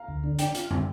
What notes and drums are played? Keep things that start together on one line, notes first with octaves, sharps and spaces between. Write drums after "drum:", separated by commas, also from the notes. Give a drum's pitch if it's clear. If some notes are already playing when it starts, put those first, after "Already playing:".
Already playing: F5 A#5
D2
D3
D4 G5, drum: hi-hat
F4, drum: hi-hat
D3, drum: tom